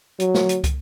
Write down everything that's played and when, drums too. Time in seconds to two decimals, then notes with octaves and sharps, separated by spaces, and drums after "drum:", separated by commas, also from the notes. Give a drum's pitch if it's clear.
0.20 F#3, drum: hi-hat
0.34 drum: snare
0.49 drum: hi-hat
0.64 drum: kick, hi-hat